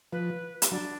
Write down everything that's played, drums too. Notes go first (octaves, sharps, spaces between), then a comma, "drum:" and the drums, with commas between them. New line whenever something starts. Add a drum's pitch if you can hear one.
F3 B4
drum: hi-hat
F#3 D4